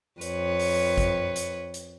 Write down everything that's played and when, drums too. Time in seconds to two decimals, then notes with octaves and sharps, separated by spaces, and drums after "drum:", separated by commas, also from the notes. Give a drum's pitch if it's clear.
0.21 F2 B4 C#5, drum: hi-hat
0.59 drum: open hi-hat
0.98 drum: kick G#1, hi-hat
1.36 drum: hi-hat
1.74 drum: hi-hat